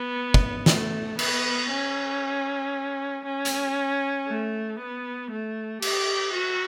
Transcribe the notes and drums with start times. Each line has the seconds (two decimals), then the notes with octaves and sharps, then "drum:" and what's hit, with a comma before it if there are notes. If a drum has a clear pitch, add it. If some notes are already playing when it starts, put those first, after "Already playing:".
Already playing: B3
0.34 drum: kick
0.66 A3, drum: snare
1.19 B3, drum: cymbal
1.70 C#4
3.25 C#4
3.45 drum: hi-hat
4.28 A3
4.79 B3
5.31 A3
5.82 G4, drum: cymbal
6.33 F#4